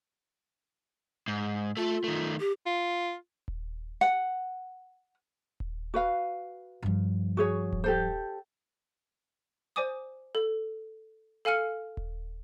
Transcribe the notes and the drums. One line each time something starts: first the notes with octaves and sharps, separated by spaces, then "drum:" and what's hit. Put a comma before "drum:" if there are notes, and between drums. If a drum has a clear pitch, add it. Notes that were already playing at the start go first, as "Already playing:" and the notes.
G#2
A3 F4 A4
D#3 A3
G4
F4
drum: kick D#1
F#5
drum: kick D#1
F#4 B4 F5
G2 F3
F#4 G#4 C#5
drum: kick D#1
G4 A4 C5
C5 D5 G#5 D6 D#6
A4
A4 F5 G#5 F6 C#7
drum: kick D#1